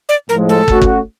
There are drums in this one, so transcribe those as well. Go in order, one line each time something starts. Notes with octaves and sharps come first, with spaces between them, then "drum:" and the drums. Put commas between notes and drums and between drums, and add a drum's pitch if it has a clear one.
D5
A2 F3 G#3 A#4
A4
A3 C#4 F#4, drum: kick
drum: kick